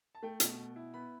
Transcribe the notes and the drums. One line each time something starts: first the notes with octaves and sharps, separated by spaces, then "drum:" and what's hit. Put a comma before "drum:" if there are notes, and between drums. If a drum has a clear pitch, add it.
A5
A3 G5
B2, drum: hi-hat
B2
E4
B3 B5